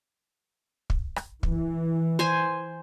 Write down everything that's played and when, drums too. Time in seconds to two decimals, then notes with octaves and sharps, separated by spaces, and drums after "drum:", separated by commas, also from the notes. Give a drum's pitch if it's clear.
0.90 drum: kick
1.16 drum: rim click
1.43 E3, drum: kick
2.19 C5 G#5